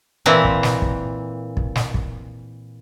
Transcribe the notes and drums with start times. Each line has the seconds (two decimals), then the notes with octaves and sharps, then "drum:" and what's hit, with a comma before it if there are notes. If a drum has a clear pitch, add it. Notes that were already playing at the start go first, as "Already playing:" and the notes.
0.26 A#2 E3 C4 E4 A#5
0.44 drum: kick
0.63 drum: snare
0.82 drum: kick
1.57 drum: kick
1.75 drum: snare
1.94 drum: kick